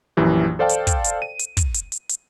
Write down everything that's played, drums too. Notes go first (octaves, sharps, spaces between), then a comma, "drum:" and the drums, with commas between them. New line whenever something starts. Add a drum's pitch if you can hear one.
A#1 F#2 E3 G4
A4 C5 D5 F5 G5 A5
drum: hi-hat
drum: kick, hi-hat
drum: hi-hat
D#7
drum: hi-hat
drum: kick, hi-hat
drum: hi-hat
drum: hi-hat
drum: hi-hat